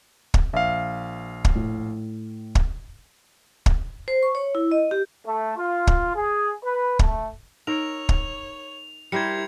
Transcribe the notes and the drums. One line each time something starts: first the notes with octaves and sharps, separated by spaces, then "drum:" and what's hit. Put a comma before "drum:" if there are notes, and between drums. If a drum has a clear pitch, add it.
drum: kick
A#1 E5 F5
drum: kick
A2
drum: kick
drum: kick
C5
C#6
C#5
E4
D#5
G4
A3
F4
drum: kick
G#4
B4
A3, drum: kick
D#4 A#4 C#5 E6 D7 F7
drum: kick
G3 E4 A#4 C5 G#6 C#7